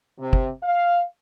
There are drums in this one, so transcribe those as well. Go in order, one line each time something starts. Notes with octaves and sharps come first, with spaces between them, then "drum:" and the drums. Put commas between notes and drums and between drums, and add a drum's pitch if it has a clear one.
C3
drum: kick
F5